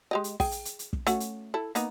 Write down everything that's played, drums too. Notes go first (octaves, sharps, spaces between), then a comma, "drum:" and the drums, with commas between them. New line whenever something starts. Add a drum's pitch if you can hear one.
G#3 G4 D#5
drum: hi-hat
G#4 G5, drum: kick, open hi-hat
drum: hi-hat
drum: hi-hat
drum: hi-hat
drum: kick
A3 C#4 F#4, drum: hi-hat
drum: hi-hat
E4 A4
A#3 B3 D#4, drum: hi-hat